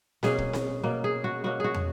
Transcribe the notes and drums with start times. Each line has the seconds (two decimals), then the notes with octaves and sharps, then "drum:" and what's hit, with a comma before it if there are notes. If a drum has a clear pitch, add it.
0.23 B2 A#3 C#4 G#4, drum: snare C4
0.38 drum: kick
0.53 drum: snare C4
0.83 B2 A#3 C#4
1.04 G#4
1.24 F#4
1.44 B2 A#3 C#4 F#4
1.60 F#4 G#4
1.74 drum: tom